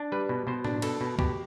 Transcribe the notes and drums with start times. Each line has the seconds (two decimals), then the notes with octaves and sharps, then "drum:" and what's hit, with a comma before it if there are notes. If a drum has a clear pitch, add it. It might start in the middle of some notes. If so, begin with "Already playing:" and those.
Already playing: D4
0.12 G3 B4
0.29 B2
0.47 B2 C5
0.65 D4, drum: tom A2
0.82 B2 A4, drum: cymbal
1.01 B2
1.19 B2 G4, drum: kick